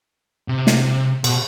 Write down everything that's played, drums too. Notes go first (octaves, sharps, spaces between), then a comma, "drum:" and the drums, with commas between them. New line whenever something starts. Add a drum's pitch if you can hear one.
C3
drum: snare
B2, drum: cymbal